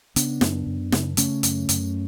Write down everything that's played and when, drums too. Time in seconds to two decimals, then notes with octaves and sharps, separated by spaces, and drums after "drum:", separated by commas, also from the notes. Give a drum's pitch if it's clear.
0.16 C#3 B3 D4, drum: hi-hat
0.41 F#2, drum: snare
0.67 F#2
0.92 C#3, drum: snare
1.17 C#3 A3 C#4, drum: hi-hat
1.43 F#2, drum: hi-hat
1.69 F#2, drum: hi-hat